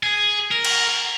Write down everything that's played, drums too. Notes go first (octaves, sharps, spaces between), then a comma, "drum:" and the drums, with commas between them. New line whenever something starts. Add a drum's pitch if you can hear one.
G#4
A#4
drum: cymbal